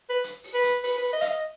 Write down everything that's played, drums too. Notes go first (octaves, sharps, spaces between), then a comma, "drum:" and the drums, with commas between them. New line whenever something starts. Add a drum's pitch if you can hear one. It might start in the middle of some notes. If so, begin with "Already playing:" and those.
B4
drum: hi-hat
drum: open hi-hat
B4
drum: hi-hat
B4, drum: open hi-hat
B4
D#5
F5, drum: hi-hat
D#5